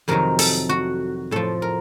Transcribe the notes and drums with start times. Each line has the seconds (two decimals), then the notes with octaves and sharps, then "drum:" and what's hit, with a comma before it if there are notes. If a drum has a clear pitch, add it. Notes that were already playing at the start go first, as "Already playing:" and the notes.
0.08 F2 C3 D#3 F#3 A#4
0.39 A4, drum: open hi-hat
0.69 F#4
1.31 A2 F3 A4
1.62 A#4